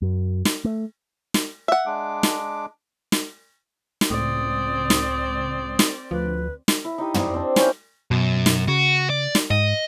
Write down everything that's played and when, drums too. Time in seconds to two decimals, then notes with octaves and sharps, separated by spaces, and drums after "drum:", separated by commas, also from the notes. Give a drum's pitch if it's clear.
0.02 F#2
0.45 drum: snare
0.64 A3
1.34 drum: snare
1.68 E5 F#5
1.86 G#3 D4 D6
2.23 drum: snare
3.12 drum: snare
4.01 drum: snare
4.10 C#2 A2 C4 D5 D#6
4.90 drum: snare
5.79 drum: snare
6.11 D2 F3 B4
6.68 drum: snare
6.84 E4
6.98 D#4 E4 G4 D#6
7.14 C5 D5 D#5, drum: tom
7.34 C4 D4
7.56 C#4 E4 F5 G5, drum: snare
8.11 F#2 B2
8.46 drum: snare
8.68 C#3 F#4
9.10 D5
9.35 drum: snare
9.51 G#2 D#5